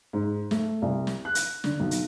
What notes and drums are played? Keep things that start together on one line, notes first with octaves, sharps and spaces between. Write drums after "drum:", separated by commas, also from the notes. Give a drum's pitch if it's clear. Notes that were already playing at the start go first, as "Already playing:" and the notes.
G#2
A3, drum: snare
C2
drum: snare
F#6
drum: hi-hat
D3, drum: snare
B1
drum: hi-hat